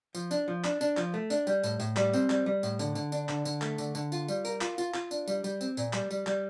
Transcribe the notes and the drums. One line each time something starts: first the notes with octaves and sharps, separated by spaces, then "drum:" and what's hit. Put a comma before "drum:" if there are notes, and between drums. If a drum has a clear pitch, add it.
F3, drum: tambourine
D4, drum: tambourine
F3
D4, drum: clap
D4, drum: tambourine
F3, drum: clap
A3
D4, drum: tambourine
G3, drum: tambourine
A2, drum: tambourine
A2, drum: tambourine
G3, drum: clap
C4, drum: tambourine
G3, drum: clap
G3
A2, drum: tambourine
D3, drum: tambourine
D3, drum: tambourine
D4, drum: tambourine
D3, drum: clap
D3, drum: tambourine
A3, drum: clap
D3, drum: tambourine
D3, drum: tambourine
F4, drum: tambourine
G3, drum: tambourine
A#4, drum: tambourine
F4, drum: clap
F4, drum: tambourine
F4, drum: clap
D4, drum: tambourine
G3, drum: tambourine
G3, drum: tambourine
C4, drum: tambourine
A#2, drum: tambourine
G3, drum: clap
G3, drum: tambourine
G3, drum: clap